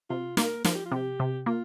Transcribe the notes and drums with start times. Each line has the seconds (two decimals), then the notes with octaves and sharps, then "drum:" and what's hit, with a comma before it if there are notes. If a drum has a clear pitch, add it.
0.10 C3 F4
0.37 A#3 A#4, drum: snare
0.64 F3 A#4, drum: snare
0.75 G4
0.85 F4
0.92 C3 G4
1.20 C3
1.46 A#3 F4